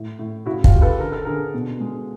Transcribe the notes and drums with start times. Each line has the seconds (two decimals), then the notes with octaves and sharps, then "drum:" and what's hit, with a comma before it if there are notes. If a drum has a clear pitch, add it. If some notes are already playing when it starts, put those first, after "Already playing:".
Already playing: A2
0.19 A2
0.46 C#3 E4 F#4
0.64 F4 G4, drum: kick
0.74 C#3
0.81 A4 B4
1.00 D3 A#4
1.12 A4
1.25 D3 G#4 A#4
1.54 B2
1.80 G#3